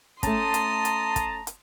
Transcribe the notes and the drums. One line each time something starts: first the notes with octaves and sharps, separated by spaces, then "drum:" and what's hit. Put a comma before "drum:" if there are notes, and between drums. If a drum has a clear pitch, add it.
A3 C#4 A5 A#5 C6 D#6, drum: kick, hi-hat
drum: hi-hat
drum: hi-hat
drum: kick, hi-hat
drum: hi-hat